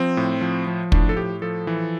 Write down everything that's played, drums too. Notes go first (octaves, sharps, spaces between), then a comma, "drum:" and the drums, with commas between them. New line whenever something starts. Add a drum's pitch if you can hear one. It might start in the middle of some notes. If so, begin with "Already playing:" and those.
Already playing: F3 C4
A2
F3
F3
A2 D4, drum: kick
A4
A2 G4
F3 A4
E3